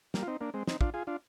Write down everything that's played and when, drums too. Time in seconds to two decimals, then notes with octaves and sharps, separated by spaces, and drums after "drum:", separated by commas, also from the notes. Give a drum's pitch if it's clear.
0.14 G3 A#3, drum: snare
0.22 F4
0.27 C4 D#4
0.41 A#3 D4
0.54 G#3 C4
0.67 C4 D#4, drum: snare
0.81 D4 F4, drum: kick
0.94 F4 G#4
1.07 D4 F4